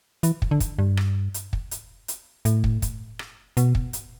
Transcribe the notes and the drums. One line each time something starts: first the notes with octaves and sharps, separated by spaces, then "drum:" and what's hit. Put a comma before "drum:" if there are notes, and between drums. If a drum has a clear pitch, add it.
E3, drum: hi-hat
drum: kick
D3
drum: kick, hi-hat
G2
drum: rim click
drum: hi-hat
drum: kick
drum: hi-hat
drum: hi-hat
A2, drum: hi-hat
drum: kick
drum: kick, hi-hat
drum: rim click
B2, drum: hi-hat
drum: kick
drum: hi-hat